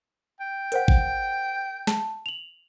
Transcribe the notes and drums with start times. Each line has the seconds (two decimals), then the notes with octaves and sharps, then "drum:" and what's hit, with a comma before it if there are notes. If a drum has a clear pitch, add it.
0.40 G5
0.72 A#4 C5 F#5, drum: hi-hat
0.88 drum: kick G#1
1.87 A5, drum: snare
2.26 F7 F#7